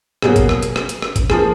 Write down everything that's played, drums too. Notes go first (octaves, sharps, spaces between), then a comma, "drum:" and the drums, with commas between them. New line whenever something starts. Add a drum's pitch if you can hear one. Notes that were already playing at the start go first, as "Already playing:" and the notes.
B2 F#3 A#3 G#4, drum: rim click
drum: kick, hi-hat
drum: rim click
drum: hi-hat
drum: rim click
drum: hi-hat
drum: rim click
drum: kick, hi-hat
F3 A#3 G#4, drum: rim click